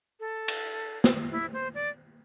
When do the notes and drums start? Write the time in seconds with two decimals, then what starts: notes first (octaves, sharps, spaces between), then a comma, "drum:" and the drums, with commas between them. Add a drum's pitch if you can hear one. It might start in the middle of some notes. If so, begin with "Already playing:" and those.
0.20 A4
0.48 drum: cymbal
1.04 drum: snare
1.31 E4
1.53 C5
1.75 D5